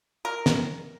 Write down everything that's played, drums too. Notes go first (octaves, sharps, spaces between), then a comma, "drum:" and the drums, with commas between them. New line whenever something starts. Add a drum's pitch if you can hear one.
A#4
drum: snare